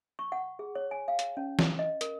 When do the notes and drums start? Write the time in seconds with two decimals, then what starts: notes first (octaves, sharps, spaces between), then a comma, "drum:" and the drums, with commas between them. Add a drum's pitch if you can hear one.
0.19 C#6
0.32 F#5
0.59 G#4
0.75 C#5
0.91 G#5
1.08 F5
1.19 drum: hi-hat
1.37 C#4
1.59 drum: snare
1.79 D#5
2.01 A#4, drum: hi-hat